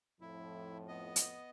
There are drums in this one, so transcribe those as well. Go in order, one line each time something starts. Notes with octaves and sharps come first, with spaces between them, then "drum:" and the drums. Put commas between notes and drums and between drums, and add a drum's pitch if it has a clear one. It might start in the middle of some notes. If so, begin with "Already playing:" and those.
F2 A2 F3 E4
B3 D#5
drum: hi-hat